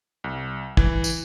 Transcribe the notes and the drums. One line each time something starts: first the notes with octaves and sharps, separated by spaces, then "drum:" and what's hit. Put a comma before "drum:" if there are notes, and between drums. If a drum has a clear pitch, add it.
C2
E3, drum: kick
drum: tambourine